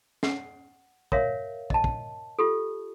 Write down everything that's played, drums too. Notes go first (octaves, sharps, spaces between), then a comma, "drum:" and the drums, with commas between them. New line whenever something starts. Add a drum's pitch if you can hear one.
F#5, drum: snare
A#4 C#5 E5 F5, drum: kick
D#5 A5, drum: kick
drum: kick
F4 G4 A4